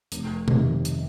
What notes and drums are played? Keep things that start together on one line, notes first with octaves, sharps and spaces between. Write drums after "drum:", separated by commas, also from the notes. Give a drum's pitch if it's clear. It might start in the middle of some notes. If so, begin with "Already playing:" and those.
F1, drum: hi-hat
F2 C3 D#3, drum: tom
drum: hi-hat